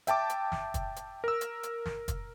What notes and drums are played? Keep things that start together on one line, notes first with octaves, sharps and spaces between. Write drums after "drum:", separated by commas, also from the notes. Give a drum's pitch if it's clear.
E5 G5 A5 D6, drum: hi-hat
drum: hi-hat
drum: snare
drum: kick, hi-hat
drum: hi-hat
A#4 E6
drum: hi-hat
drum: hi-hat
drum: snare
drum: kick, hi-hat